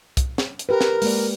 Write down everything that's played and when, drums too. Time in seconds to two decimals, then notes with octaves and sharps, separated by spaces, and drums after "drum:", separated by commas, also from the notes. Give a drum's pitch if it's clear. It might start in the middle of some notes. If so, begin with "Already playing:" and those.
0.17 drum: kick, hi-hat
0.38 drum: snare
0.59 drum: hi-hat
0.69 G4 A#4 B4
0.81 drum: snare
1.02 G#3 A#3 D5, drum: open hi-hat